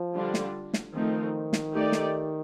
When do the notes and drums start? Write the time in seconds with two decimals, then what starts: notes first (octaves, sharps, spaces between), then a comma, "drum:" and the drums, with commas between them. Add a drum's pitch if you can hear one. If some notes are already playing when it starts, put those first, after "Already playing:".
Already playing: F3
0.14 D3 G3 D4 F4
0.34 drum: snare
0.74 drum: snare
0.93 D#3 F3 A3 C4 D#4
1.53 drum: snare
1.72 A3 D#4 G4 D5
1.92 drum: snare